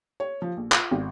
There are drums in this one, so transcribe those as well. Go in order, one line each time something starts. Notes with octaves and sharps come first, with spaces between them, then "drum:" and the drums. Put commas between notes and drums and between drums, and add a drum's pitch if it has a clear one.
C#5
F3
A#1
F4, drum: clap
G#1